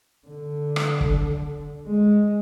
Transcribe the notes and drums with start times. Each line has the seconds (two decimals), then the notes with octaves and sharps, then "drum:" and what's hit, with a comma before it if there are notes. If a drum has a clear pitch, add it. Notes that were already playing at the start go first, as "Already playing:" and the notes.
0.27 D3
0.76 drum: rim click
1.01 drum: kick
1.87 G#3